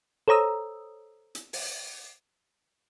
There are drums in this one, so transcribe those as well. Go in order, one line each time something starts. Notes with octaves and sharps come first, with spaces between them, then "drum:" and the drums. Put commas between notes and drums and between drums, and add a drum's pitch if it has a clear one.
A4 C5 C#5 A#5 D#6 E6
drum: hi-hat
drum: open hi-hat